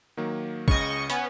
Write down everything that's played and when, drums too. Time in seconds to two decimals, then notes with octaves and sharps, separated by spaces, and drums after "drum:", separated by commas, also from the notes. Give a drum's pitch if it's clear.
0.17 D#3 F#3 A#3
0.68 C#2 C#3 D#5 C#6, drum: kick
1.10 B3 C#4, drum: hi-hat